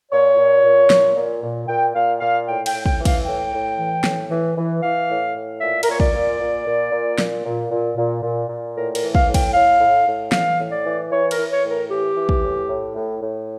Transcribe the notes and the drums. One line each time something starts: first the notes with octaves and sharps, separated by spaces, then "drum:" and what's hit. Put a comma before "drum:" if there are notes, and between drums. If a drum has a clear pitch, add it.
A#2 C#5
A#2
A#2
A#2, drum: snare
A#2
A#2
A#2 G5
A#2 F5
A#2 F5
A2 G5
G5, drum: cymbal
A2
G5, drum: kick
E3
F5, drum: kick, cymbal
A2 G5
A2
E3
A2, drum: snare
E3
E3
E3 F5
A2
A2
A#2 E5
A#4, drum: cymbal
A#2 C#5
D5, drum: kick
A#2
A#2
A#2
A#2
A#2, drum: snare
A#2
A#2
A#2
A#2
A#2
A2 A#4
A#4, drum: cymbal
E3
F5, drum: kick
A2
G5, drum: kick, cymbal
A2 F5
A2
A2
E3 F5, drum: snare
A2
D5
E3
E3 C#5
A#4, drum: cymbal
E3
C#5
A2
A#4
E3 G4
E3
drum: kick
A2
A2
A2
A2